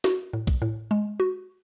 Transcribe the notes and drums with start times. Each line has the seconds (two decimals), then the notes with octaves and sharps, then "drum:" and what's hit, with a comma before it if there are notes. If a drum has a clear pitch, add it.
0.04 F#4, drum: snare
0.33 A2
0.47 drum: kick
0.62 A2
0.91 G#3
1.20 F#4